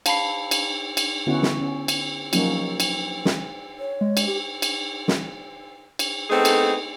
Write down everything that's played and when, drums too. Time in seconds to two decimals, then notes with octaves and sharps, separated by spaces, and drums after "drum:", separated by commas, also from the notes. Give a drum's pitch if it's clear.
0.06 F5 A5 B5 C7, drum: cymbal
0.51 drum: cymbal
0.97 drum: cymbal
1.26 D3 B3 C#4 E4 F#4
1.43 drum: snare
1.60 C#4
1.88 drum: cymbal
2.33 F3 F#3 A#3 C#4 D#4 F#4, drum: cymbal
2.80 drum: cymbal
3.25 drum: snare
3.79 C#5
4.01 G#3
4.17 drum: cymbal
4.26 G4
4.62 drum: cymbal
5.08 drum: snare
5.99 drum: cymbal
6.30 A3 B3 C4 D#4 G#4 A4
6.45 drum: cymbal